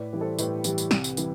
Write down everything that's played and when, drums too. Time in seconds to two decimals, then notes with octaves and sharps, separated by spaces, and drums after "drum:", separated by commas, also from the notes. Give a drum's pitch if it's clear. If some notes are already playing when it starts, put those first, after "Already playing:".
Already playing: A2 B4 D5
0.13 E3 G3
0.21 A4 C5
0.39 A2 G4 B4, drum: tambourine
0.64 E3 G3, drum: tambourine
0.78 drum: tambourine
0.91 C2, drum: snare
1.04 drum: tambourine
1.17 C3 E3 G3, drum: tambourine